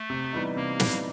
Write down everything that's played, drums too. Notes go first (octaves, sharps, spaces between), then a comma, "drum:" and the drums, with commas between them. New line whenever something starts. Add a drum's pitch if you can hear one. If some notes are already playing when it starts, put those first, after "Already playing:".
Already playing: A3
C3
E3 G3 B3 D#4
C3 A#3
E3 G3 B3 D#4, drum: snare